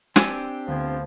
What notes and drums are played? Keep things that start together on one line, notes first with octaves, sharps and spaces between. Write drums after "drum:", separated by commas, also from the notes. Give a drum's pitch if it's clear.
C4 D4 G4 G#5 E6, drum: snare
D2 F3 B3 G#6